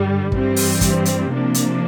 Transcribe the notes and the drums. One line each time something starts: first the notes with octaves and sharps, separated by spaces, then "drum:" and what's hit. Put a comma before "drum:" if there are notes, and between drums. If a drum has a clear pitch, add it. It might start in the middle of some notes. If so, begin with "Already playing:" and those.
Already playing: G2 D3 G3
G2 E3 G3 C4, drum: kick
drum: open hi-hat
drum: kick, hi-hat
drum: hi-hat
C3 F3 A#3 D4
drum: hi-hat